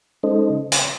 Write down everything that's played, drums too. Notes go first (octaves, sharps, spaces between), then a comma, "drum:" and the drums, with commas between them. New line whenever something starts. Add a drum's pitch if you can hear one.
G#3 C#4 D#4 A4 C5 D#5
C#3
drum: hi-hat